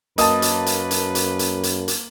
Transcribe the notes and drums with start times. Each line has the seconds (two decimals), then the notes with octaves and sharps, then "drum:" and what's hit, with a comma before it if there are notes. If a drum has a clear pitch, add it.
0.18 F#2 A#3 B4 D#5 A5 D#6, drum: hi-hat
0.42 drum: hi-hat
0.66 drum: hi-hat
0.91 drum: hi-hat
1.15 drum: hi-hat
1.39 drum: hi-hat
1.63 drum: hi-hat
1.88 drum: hi-hat